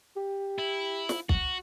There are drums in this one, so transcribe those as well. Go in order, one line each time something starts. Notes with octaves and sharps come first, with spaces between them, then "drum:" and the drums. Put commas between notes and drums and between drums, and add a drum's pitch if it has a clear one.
G4
E4
drum: snare
F#4, drum: kick